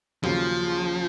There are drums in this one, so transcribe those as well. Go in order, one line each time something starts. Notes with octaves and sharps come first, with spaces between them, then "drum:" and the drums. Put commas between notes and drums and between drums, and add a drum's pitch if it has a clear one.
D#2 C#3 F3 F#3, drum: tom F3